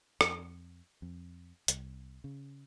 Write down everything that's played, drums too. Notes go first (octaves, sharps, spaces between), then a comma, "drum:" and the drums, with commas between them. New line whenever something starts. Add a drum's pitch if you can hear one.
F2, drum: rim click
F2
C2, drum: hi-hat
C#3